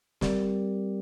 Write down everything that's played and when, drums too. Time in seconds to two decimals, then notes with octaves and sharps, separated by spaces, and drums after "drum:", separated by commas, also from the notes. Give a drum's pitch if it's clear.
0.21 G3 C4 G4 A#4 D5, drum: snare